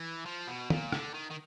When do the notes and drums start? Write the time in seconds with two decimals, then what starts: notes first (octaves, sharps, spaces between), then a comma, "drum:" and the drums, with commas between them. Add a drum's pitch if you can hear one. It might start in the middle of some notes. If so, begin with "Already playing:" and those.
Already playing: E3
0.26 F3
0.47 B2
0.70 A#2, drum: tom
0.92 D3, drum: rim click
1.14 D#3
1.31 D#3